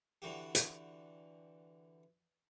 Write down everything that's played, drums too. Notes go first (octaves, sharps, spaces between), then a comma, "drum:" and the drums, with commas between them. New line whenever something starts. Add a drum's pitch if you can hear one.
D3 E3 F#4 G4
drum: hi-hat